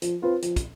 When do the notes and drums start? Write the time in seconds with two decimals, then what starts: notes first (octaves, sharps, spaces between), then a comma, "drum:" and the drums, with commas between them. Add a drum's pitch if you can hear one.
0.02 F3, drum: hi-hat
0.22 C4 F4 B4
0.42 F3, drum: hi-hat
0.56 drum: kick, hi-hat